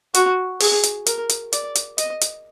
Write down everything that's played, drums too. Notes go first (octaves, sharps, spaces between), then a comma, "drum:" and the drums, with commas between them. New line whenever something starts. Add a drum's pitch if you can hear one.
F#4, drum: hi-hat
G#4, drum: open hi-hat
drum: hi-hat
A#4, drum: hi-hat
drum: hi-hat
D5, drum: hi-hat
drum: hi-hat
D#5, drum: hi-hat
drum: hi-hat